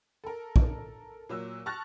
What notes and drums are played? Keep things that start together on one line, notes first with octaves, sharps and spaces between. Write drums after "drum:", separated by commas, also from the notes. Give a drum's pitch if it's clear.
A4 A#4
drum: kick
A#2 F#3 E6
A5 C#6 F6 F#6 A6 A#6